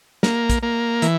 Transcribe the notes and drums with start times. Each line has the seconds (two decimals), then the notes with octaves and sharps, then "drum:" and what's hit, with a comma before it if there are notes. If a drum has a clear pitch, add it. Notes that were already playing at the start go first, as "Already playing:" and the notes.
0.23 A#3, drum: snare
0.50 drum: kick, hi-hat
0.63 A#3
1.02 E3, drum: hi-hat